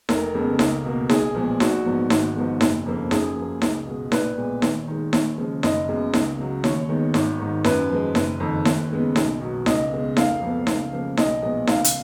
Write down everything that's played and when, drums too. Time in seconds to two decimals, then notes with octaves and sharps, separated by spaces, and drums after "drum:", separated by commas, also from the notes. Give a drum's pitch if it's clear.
0.09 F1 A#4, drum: snare D#4
0.34 F2 C#3 G#3 B3
0.59 C#2, drum: snare D#4
0.85 B2 A#3
1.09 B1 G#4, drum: snare D#4
1.34 A#2 F3 G#3 B3
1.60 A#1 F#4, drum: snare D#4
1.85 G#2 F3 B3
2.10 G#1, drum: snare D#4
2.36 G#2 F3 G#3 B3
2.61 F#1, drum: snare D#4
2.86 F2 C#3 F3 A#3
3.11 F#2 G#4, drum: snare D#4
3.37 F3 A#3
3.62 C#2, drum: snare D#4
3.87 B2 G#3
4.12 A#1 B4, drum: snare D#4
4.37 A#2 G#3 B3
4.62 D#2, drum: snare D#4
4.87 D#3 G#3
5.13 D#2, drum: snare D#4
5.38 C#3 F3 G#3
5.63 F#1 D#5, drum: snare D#4
5.88 F#2 C#3 G#3 B3
6.13 C#2, drum: snare D#4
6.39 C#3 F#3
6.64 D#2 C#5, drum: snare D#4
6.89 D#3 G#3 B3
7.14 G#1, drum: snare D#4
7.39 G#2 D#3
7.64 F#2 B4, drum: snare D#4
7.90 F3 G#3
8.15 F#1, drum: snare D#4
8.40 F2 D#3
8.65 D#2, drum: snare D#4
8.91 C#3 G#3 B3
9.16 B1, drum: snare D#4
9.41 B2 F#3
9.66 C#2 D#5, drum: snare D#4
9.92 C#3 G#3 B3
10.17 F1 F5, drum: snare D#4
10.42 F2 F3 B3
10.67 C#2, drum: snare D#4
10.92 C#3 F3 A#3
11.17 B1 D#5, drum: snare D#4
11.42 A#2 F3 G#3 B3 D#5
11.67 C#2 F5, drum: snare D#4
11.84 drum: hi-hat